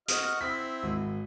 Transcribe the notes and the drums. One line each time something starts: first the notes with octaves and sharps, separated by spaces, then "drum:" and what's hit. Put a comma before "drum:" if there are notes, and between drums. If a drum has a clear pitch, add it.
F#4 D#5 F6, drum: hi-hat
C4 E4 B6
G#1